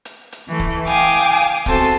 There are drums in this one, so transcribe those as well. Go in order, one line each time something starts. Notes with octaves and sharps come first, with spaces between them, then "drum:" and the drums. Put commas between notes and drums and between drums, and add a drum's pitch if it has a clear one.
drum: hi-hat
drum: hi-hat
E3 A3
drum: kick C#1
F5 G5 G#5 D6 D#6, drum: hi-hat
drum: hi-hat
E2 C4 F#4 A4 C5, drum: kick C#1, hi-hat